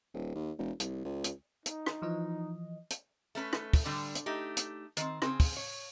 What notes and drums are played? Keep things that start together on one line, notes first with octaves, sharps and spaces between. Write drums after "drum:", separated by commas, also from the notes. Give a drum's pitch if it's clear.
D#1
D#2
E1
C2, drum: hi-hat
C#2
drum: hi-hat
D#4, drum: hi-hat
drum: rim click
E3 F3 D#5
drum: hi-hat
A3 C#4 A#4 B4
drum: rim click
drum: kick, open hi-hat
D3 G3
drum: hi-hat
A3 D#4 G4
drum: hi-hat
D#3 C4, drum: hi-hat
C#3 C4 G#4, drum: rim click
drum: kick, open hi-hat
C#5